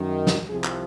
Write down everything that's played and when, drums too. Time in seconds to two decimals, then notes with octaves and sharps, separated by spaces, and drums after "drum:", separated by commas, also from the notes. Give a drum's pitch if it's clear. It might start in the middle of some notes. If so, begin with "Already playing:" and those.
Already playing: F#2 D#3
0.27 drum: snare
0.49 C2 C3 F3 G#4
0.64 drum: clap